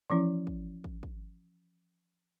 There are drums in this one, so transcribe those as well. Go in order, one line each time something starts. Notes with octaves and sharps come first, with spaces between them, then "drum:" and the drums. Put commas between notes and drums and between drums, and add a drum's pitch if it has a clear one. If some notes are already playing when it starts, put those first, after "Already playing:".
E3 F3 C#4 E4
drum: kick
drum: kick
drum: kick